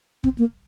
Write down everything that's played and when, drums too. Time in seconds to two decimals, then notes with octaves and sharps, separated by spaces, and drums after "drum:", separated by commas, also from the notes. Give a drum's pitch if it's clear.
0.24 C4, drum: kick
0.38 A#3